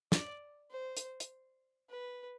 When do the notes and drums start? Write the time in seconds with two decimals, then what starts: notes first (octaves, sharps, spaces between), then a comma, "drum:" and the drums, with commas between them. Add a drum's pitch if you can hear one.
0.12 D5, drum: snare
0.71 C5
0.97 drum: hi-hat
1.20 drum: hi-hat
1.90 B4